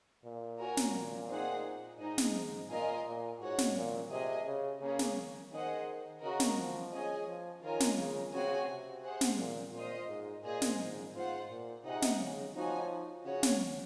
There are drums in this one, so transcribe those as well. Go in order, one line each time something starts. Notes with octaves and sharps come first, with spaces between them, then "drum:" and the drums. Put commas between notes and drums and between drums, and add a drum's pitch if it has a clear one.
A#2
F#4 A#4 C#5 G#5
drum: snare
A#2
C4 D#4 G#4 C5 F#5
G#2 D#4 G#4 D#5
drum: snare
G#2
A#2 F4 A#4 D#5 G#5
A#2
G#2 F#4 C#5 F#5
drum: snare
A#2
C3 G#4 D#5 G#5
C#3
C#3 A#3 C#4 G#4
drum: snare
D#3 G#4 C5 D#5 F#5
C#3 F#4 A#4 D#5
drum: snare
F3
C#4 G#4 D#5 G#5
F3
D#3 F4 A#4 C#5 G#5
drum: snare
C#3
C#3 C4 F#4 C#5 G#5
C3
G#4 C5 F#5
drum: snare
A#2
A#2 F4 C5 D#5
G#2
A#2 G#4 C5 D#5 G#5
drum: snare
G#2
G#2 F4 C5 F#5
A#2
C3 D#4 G#4 D#5 F#5
drum: snare
C#3
F3 D#4 F#4 C#5 G#5
C#3 C#4 F#4 C#5
drum: snare